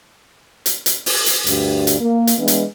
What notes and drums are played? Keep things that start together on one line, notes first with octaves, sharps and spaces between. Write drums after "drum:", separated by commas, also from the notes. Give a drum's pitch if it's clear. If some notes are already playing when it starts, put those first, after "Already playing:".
drum: hi-hat
drum: hi-hat
drum: open hi-hat
drum: hi-hat
D2 G2, drum: hi-hat
drum: hi-hat
A#3
drum: hi-hat
E3 G#3 B3 D4
drum: hi-hat